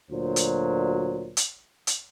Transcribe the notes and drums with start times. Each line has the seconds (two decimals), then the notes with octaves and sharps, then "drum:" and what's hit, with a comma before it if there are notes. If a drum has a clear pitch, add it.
0.11 D2 A#2 F#3 C5
0.36 drum: hi-hat
1.37 drum: hi-hat
1.87 drum: hi-hat